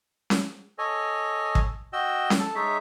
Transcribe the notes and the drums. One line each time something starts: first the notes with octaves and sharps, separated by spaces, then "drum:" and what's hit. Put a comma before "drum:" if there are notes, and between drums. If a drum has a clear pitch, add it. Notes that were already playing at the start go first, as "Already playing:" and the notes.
drum: snare C#4
A4 C#5 D#5 G#5
drum: kick
F#4 D#5 G5 E6
drum: snare C#4
A4 A5
G#3 D#4 C#5 E5